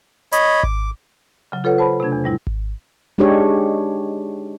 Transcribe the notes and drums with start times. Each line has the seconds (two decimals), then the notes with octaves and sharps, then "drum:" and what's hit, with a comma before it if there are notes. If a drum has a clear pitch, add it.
0.32 C#5 D#5 B5, drum: hi-hat
0.63 D6, drum: kick G#1
1.52 C#3 F#3
1.64 F4 A4 B4 C#5 F#5
1.78 C5 A5 B5
2.00 C3 A3 D4 G#6
2.12 E2
2.24 G#2 G3 E4
2.47 drum: kick G#1
3.18 G#3 D4 D#4 G4 G#4 C#5